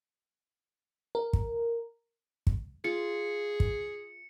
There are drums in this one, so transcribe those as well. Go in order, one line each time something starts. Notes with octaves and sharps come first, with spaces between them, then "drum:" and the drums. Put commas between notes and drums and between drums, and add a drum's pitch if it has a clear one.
A#4
drum: kick
drum: kick
F4 G#4 C#7
drum: kick